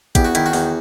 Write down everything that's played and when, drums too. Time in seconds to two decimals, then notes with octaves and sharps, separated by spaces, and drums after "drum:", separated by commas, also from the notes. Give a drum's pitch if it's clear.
0.15 E2 G4, drum: kick, hi-hat
0.25 F#4
0.35 D#3 E4, drum: hi-hat
0.46 F#4
0.53 E2, drum: open hi-hat